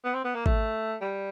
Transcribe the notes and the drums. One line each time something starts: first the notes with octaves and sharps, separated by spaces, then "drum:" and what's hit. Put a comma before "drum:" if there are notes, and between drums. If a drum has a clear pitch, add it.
B3
C4
B3
A#3
A3, drum: kick G#1
G3